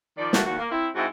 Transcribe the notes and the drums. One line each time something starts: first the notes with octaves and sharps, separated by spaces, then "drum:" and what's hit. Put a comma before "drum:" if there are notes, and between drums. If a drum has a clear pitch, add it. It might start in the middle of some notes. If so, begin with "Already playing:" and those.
D#3 F3 D5
F3 A3 A#3 F#4, drum: snare
D#2 F#4
A#3
C4 E4
G#2 C4 E4 F#4